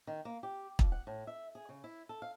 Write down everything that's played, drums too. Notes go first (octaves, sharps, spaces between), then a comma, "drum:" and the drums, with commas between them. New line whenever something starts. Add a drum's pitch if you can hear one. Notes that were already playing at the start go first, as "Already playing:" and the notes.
D#3
A#3
G4
F2, drum: kick
F#5
A2
E5
G#4
C#3
E4
A4
F5